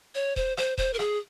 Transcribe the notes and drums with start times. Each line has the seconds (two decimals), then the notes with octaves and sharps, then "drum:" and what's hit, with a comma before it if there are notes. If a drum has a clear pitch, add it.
0.15 C#5
0.36 C5, drum: kick D#1
0.57 C5, drum: rim click
0.78 C5, drum: kick D#1
0.94 A#4
0.99 G#4, drum: rim click